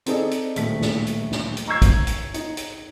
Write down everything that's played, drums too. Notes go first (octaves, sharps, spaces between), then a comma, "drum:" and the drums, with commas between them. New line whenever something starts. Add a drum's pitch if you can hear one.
C4 D#4 G#4 A4 D5 D#5, drum: hi-hat
drum: hi-hat
D#1 A2 A3 B6, drum: hi-hat
drum: snare
drum: hi-hat
drum: snare
drum: hi-hat
A#5 C#6 E6 G#6 C7
drum: kick, hi-hat
drum: hi-hat
D#4, drum: hi-hat
drum: hi-hat